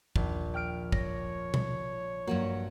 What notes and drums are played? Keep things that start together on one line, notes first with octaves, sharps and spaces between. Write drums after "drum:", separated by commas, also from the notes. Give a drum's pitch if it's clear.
A#1 D#2, drum: kick
G5 F6 D7
C#5 A#6, drum: kick
drum: tom B2
G2 F#3 A#3 F#4